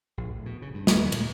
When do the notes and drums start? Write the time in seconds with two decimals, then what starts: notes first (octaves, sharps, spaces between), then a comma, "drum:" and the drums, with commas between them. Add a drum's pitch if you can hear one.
0.18 A#1
0.31 A2
0.46 B2
0.62 C#3
0.74 G2
0.87 D#2, drum: snare
0.99 A#3
1.12 A#2, drum: cymbal